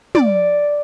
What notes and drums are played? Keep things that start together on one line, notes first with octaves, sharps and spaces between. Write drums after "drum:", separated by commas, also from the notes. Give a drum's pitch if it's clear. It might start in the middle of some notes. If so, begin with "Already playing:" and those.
D5, drum: tom